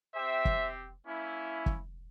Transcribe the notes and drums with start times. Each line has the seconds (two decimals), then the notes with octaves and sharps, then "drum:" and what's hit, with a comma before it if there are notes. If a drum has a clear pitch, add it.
0.14 C4 G4 C5 E5
0.45 drum: kick
1.06 A#3 C#4 E4
1.66 drum: kick